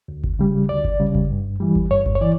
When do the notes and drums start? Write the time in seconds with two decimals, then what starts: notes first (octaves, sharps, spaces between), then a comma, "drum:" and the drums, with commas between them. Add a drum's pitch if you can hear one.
0.08 D2
0.24 drum: kick G1
0.39 C#3 G3
0.69 D2 D5
0.84 drum: kick G1
1.00 C#3 G3
1.15 drum: kick G1
1.30 G2
1.60 E3 G3
1.76 drum: kick G1
1.91 G2 C#5
2.06 drum: kick G1
2.15 C#5
2.21 E3 D5